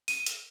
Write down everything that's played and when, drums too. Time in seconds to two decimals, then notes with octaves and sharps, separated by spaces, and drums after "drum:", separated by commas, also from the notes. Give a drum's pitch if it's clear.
0.08 D#7, drum: open hi-hat
0.26 drum: hi-hat